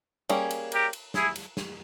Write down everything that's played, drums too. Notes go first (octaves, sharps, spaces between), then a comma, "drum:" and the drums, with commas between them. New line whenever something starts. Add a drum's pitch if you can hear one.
G3 A#3 C#4 G#4, drum: cymbal
drum: cymbal
G4 A#4, drum: cymbal
drum: cymbal
E4 G#4, drum: snare
drum: cymbal
drum: snare